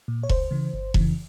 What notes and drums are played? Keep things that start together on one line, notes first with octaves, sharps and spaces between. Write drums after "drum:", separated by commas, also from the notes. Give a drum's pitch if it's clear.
A#2
C#5
C#2 C5, drum: kick E1
C#3 E3
G1
F2 C#3 E3, drum: kick E1